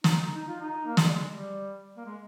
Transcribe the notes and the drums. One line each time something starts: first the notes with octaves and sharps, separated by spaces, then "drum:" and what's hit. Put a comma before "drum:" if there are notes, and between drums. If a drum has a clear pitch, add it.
D#4, drum: snare
D#4
D#4
F4
D#4
A#3
G#3, drum: snare
G3
G#3
G3
A#3
G#3